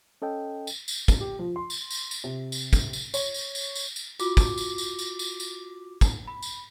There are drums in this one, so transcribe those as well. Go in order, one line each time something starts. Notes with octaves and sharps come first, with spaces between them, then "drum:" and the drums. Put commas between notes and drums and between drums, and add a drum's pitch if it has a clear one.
C#4 A4 D#5 G5
drum: tambourine
drum: tambourine
drum: kick, tambourine
G4
F3
C6
drum: tambourine
drum: tambourine
drum: tambourine
C3
drum: tambourine
drum: kick, tambourine
drum: tambourine
C#5, drum: tambourine
drum: tambourine
drum: tambourine
drum: tambourine
drum: tambourine
F4 F#4 D6, drum: tambourine
drum: kick, tambourine
drum: tambourine
drum: tambourine
drum: tambourine
drum: tambourine
drum: tambourine
drum: kick, tambourine
B5
drum: tambourine